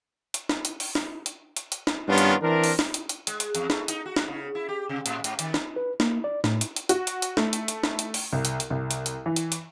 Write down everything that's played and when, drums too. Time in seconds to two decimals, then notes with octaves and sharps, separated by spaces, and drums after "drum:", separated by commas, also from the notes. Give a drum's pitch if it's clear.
0.34 drum: hi-hat
0.49 drum: snare
0.65 drum: hi-hat
0.80 drum: open hi-hat
0.95 drum: snare
1.26 drum: hi-hat
1.56 drum: hi-hat
1.72 drum: hi-hat
1.87 drum: snare
2.08 G2 D#3 B3 C#4 D4 F4
2.18 drum: hi-hat
2.42 E3 C4 D4 A#4
2.64 drum: open hi-hat
2.79 drum: snare
2.94 drum: hi-hat
3.09 drum: hi-hat
3.27 G#3, drum: hi-hat
3.40 drum: hi-hat
3.55 E2, drum: hi-hat
3.70 A3, drum: snare
3.88 D#4, drum: hi-hat
4.06 F#4
4.16 drum: snare
4.28 C#3
4.55 E4
4.69 G4
4.89 C3
5.06 A2, drum: hi-hat
5.24 G#2, drum: hi-hat
5.39 D#3, drum: hi-hat
5.54 drum: snare
5.76 B4
6.00 A#3, drum: snare
6.24 D5
6.44 A2, drum: snare
6.61 drum: hi-hat
6.76 drum: hi-hat
6.89 F#4, drum: hi-hat
7.07 drum: hi-hat
7.22 drum: hi-hat
7.37 A3, drum: snare
7.53 drum: hi-hat
7.68 drum: hi-hat
7.84 drum: snare
7.99 drum: hi-hat
8.14 drum: open hi-hat
8.33 C2
8.45 drum: hi-hat
8.60 drum: hi-hat
8.70 C2
8.91 drum: hi-hat
9.06 drum: hi-hat
9.26 E3
9.36 drum: hi-hat
9.52 drum: hi-hat